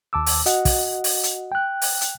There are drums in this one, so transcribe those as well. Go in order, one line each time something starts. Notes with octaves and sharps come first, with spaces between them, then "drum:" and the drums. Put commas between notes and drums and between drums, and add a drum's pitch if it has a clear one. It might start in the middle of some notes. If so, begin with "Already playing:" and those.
D#2 A5 D6 E6
drum: open hi-hat
F#4 D#5 F#5, drum: hi-hat
drum: kick, open hi-hat
drum: open hi-hat
drum: hi-hat
G5 F#6
drum: open hi-hat
drum: hi-hat